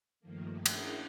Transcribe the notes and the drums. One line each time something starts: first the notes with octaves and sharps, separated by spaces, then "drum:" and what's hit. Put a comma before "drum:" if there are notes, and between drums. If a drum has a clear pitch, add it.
G2 D#3 F3 A3 A#3
C#4 D4 E4 G#4 A#4, drum: cymbal